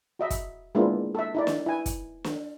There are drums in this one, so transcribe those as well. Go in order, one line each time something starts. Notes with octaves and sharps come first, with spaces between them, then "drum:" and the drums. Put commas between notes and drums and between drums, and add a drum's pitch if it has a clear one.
F#4 D#5 E5
drum: kick, hi-hat
G#3 A#3 B3 D4 E4 F4
A4 E5
D#4 E4 D5
drum: snare
E4 G#5
drum: kick, hi-hat
drum: snare